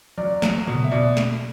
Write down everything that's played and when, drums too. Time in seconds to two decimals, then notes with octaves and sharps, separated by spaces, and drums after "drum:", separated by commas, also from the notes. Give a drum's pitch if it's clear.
0.18 F#3 D5
0.42 F#3, drum: snare
0.67 B2, drum: tom C#3
0.84 E5
0.91 B2 D5
1.17 drum: snare